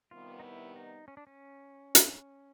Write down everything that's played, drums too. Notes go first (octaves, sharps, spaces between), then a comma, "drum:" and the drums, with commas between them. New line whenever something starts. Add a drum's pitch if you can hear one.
C3 D#3 G3 B3 F4
D#4
E4
D#4
C#4
D4
C#4
drum: hi-hat